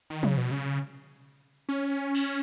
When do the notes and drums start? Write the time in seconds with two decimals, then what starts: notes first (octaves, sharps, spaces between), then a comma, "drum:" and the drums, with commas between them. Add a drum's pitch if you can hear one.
0.10 D#3
0.23 C#3, drum: tom F3
0.37 B2
0.51 C#3
1.69 C#4
2.15 drum: cymbal